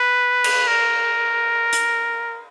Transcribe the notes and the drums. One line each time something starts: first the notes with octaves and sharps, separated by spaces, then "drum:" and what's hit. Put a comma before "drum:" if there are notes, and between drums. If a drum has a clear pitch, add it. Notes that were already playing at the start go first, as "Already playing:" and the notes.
Already playing: B4
drum: cymbal
A#4
drum: hi-hat